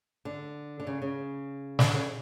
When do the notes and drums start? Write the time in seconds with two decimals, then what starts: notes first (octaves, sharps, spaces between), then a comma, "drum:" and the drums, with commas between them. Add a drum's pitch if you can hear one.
0.25 D3
0.80 D3
0.87 C#3
1.02 C#3
1.79 D3, drum: snare
1.95 C#3